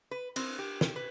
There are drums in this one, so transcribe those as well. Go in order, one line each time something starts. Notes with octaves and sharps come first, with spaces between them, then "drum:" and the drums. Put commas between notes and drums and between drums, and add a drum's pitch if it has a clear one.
B4
C4, drum: cymbal
G4
drum: snare
B4